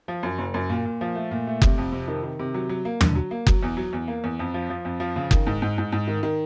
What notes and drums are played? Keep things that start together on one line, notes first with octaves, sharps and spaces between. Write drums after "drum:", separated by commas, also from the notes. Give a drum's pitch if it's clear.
F3
F#2
F#1
F#2
A#2
A#2
F3
A3
A#2
A3
C3, drum: kick F#1
F2
C3
D#3
D#3
C3
F#3
F#3
A#3
D3, drum: tom
F#3
A#3
F#3, drum: kick F#1
E2
F#3
E2
A#3
E2
F2
F3
F3
F2
F3
C#3
D#3, drum: kick F#1
G#2
G#2
G#2
G#2
D#3
D#3